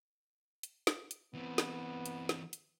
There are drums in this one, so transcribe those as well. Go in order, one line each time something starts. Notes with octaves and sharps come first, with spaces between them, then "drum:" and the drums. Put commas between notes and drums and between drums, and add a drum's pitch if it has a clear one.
drum: hi-hat
drum: snare
drum: hi-hat
E3 B3 C4
drum: snare
drum: hi-hat
drum: snare
drum: hi-hat